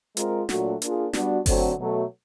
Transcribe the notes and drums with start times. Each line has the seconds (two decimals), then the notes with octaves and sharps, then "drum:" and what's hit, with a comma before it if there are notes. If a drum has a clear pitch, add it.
0.17 G#3 C4 F4 A#4, drum: hi-hat
0.49 A#2 F#3 A3 D4 F#4, drum: snare
0.82 A#3 D4 F4 G#4, drum: hi-hat
1.13 G3 B3 D4 F#4, drum: snare
1.46 D3 F#3 A3 C4, drum: kick G1, open hi-hat
1.78 B2 F#3 A3